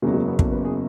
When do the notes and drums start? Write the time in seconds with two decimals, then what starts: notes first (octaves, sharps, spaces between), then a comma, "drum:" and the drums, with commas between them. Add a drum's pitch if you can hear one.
0.02 F#1 E2 C#3 F#3 G#3
0.14 G#3
0.27 B3
0.39 A4, drum: kick
0.52 B4
0.65 G#4